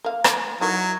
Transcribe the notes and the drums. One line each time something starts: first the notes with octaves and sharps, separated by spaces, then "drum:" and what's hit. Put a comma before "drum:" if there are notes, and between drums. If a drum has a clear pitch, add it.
A#3 F5
drum: rim click
F#3 D#4 E4 A#4